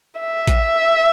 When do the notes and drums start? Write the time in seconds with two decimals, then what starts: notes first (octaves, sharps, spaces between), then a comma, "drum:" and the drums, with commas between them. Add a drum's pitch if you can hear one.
0.20 E5
0.47 drum: kick, hi-hat